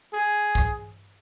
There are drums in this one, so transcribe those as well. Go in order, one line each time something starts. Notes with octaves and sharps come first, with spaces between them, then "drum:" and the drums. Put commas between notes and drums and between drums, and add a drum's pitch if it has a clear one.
G#4
drum: kick